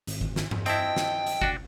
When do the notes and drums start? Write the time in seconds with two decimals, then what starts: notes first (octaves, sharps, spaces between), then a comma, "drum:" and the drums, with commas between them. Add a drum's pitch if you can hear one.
0.07 G#1, drum: hi-hat
0.21 drum: kick F#1
0.36 drum: snare
0.51 drum: tom G2
0.66 C4 E4 D#5 G5 A5, drum: hi-hat
0.96 drum: snare
1.27 drum: hi-hat
1.42 D4 F#4, drum: kick F#1